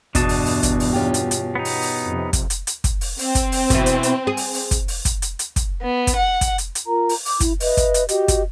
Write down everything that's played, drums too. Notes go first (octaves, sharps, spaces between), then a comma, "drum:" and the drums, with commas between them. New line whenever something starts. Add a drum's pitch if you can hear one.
E2 G2 B2 D4 D#5 A5, drum: kick, hi-hat
drum: open hi-hat
drum: open hi-hat
drum: kick, hi-hat
drum: open hi-hat
C#4 F4 G4
drum: hi-hat
drum: hi-hat
B3 D#4
drum: open hi-hat
drum: open hi-hat
F2 C3
drum: kick, hi-hat
drum: hi-hat
drum: hi-hat
drum: kick, hi-hat
drum: open hi-hat
C4, drum: open hi-hat
drum: kick, hi-hat
drum: open hi-hat
B2 E3, drum: kick, hi-hat
drum: hi-hat
drum: hi-hat
G#4
drum: open hi-hat
drum: open hi-hat
drum: kick, hi-hat
drum: open hi-hat
drum: kick, hi-hat
drum: hi-hat
drum: hi-hat
drum: kick, hi-hat
B3
drum: kick, hi-hat
F#5
drum: kick, hi-hat
drum: hi-hat
drum: hi-hat
F4 A#4 A#5
drum: open hi-hat
D6 G6, drum: open hi-hat
E4, drum: kick, hi-hat
B4 D#5 E5, drum: open hi-hat
drum: kick, hi-hat
drum: hi-hat
F#4 G4 D#5, drum: hi-hat
drum: kick, hi-hat